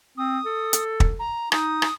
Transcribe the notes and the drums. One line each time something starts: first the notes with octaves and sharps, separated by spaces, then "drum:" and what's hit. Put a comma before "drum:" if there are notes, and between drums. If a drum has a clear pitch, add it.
C4 D#6
A4
drum: hi-hat
drum: kick
A#5
D#4 D#6, drum: rim click
drum: rim click